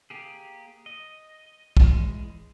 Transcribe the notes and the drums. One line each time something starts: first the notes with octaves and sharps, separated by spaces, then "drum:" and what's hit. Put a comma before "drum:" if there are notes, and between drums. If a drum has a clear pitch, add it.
A#3 G4 G#4
D#5
E3 G#3, drum: kick